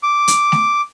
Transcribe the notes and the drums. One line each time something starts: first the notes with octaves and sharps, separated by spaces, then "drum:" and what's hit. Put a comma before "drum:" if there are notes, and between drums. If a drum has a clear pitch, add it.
D6
drum: hi-hat
drum: snare A3